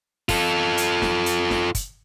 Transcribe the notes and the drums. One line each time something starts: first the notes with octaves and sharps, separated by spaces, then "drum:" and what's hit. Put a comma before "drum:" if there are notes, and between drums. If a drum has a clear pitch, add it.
F4 A4, drum: kick, open hi-hat
drum: hi-hat
drum: snare
drum: hi-hat
drum: snare
drum: kick, hi-hat